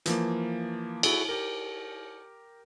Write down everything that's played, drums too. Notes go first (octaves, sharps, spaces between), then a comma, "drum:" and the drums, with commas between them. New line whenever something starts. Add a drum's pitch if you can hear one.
E3 F3 A#3, drum: hi-hat
E4 F#4 G#4 A4, drum: cymbal
G4 A#4